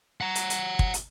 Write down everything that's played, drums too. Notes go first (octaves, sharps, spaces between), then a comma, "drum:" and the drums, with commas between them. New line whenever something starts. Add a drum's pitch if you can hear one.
F#5 A#5
drum: hi-hat
drum: hi-hat
drum: kick
drum: hi-hat